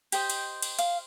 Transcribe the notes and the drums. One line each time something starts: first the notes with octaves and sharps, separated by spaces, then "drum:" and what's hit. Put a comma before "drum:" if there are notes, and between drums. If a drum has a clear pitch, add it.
G4 C5 D#5 G5, drum: cymbal
drum: cymbal
drum: cymbal
F5, drum: cymbal